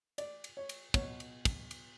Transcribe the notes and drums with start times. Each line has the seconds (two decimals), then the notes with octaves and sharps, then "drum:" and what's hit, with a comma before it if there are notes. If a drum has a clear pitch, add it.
0.18 D5, drum: cymbal
0.44 drum: cymbal
0.57 C#5
0.69 drum: cymbal
0.94 B2 C#5, drum: kick, cymbal
1.20 drum: cymbal
1.45 drum: kick, cymbal
1.71 drum: cymbal